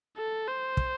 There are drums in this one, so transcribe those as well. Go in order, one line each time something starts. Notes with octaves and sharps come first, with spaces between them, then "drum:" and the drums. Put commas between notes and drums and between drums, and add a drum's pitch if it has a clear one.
A4
C5
drum: kick